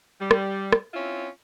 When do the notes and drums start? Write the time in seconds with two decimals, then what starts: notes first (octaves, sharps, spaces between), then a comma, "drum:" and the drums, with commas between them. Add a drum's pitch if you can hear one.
0.20 G3
0.31 drum: rim click
0.72 drum: rim click
0.93 C4 C#4 E4 F4